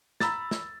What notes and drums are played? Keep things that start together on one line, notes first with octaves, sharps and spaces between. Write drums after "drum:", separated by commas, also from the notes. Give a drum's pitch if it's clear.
A#5 B5 E6 A6, drum: snare
drum: snare